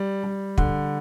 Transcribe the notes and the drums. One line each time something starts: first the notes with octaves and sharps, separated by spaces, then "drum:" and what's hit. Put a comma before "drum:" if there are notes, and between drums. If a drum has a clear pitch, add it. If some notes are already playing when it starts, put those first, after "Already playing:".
Already playing: G3
G3
D3, drum: kick